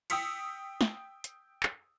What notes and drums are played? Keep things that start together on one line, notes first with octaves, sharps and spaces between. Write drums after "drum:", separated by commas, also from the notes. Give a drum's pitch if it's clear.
G5 D#6 E6 B6 C#7, drum: cymbal
drum: snare
drum: hi-hat
drum: clap